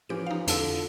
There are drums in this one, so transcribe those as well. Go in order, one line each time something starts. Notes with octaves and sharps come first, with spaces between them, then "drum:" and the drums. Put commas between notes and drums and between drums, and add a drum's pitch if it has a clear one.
E3 F3 C#4 G4 D7
D#4 F5
F2 D3 F4 A5 E6, drum: hi-hat